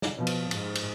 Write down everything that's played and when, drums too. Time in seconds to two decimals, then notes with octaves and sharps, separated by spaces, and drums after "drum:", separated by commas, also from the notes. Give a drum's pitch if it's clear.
0.02 drum: snare
0.17 B2 F3
0.27 drum: cymbal
0.51 G#2, drum: cymbal
0.75 drum: cymbal